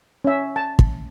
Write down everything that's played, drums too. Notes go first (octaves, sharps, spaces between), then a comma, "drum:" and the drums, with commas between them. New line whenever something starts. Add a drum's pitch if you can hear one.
C#4 E5
A5
drum: kick